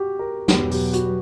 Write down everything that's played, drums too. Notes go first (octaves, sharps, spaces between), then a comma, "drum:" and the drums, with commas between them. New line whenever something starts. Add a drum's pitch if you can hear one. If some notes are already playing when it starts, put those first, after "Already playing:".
Already playing: F#4 G4
A#4
E2 B2 F#3 B3 G4, drum: snare
G4, drum: open hi-hat
F#4, drum: hi-hat